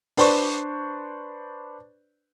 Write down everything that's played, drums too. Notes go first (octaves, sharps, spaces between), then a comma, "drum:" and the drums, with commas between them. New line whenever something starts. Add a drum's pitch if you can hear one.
D4 B4 C5 D5 C#6, drum: open hi-hat